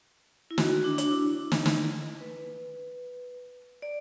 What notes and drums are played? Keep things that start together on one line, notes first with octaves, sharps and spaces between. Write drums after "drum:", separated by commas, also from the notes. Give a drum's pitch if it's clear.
E4
F#4, drum: snare
F#4
D4
D4, drum: hi-hat
E4
drum: snare
drum: snare
B4
D5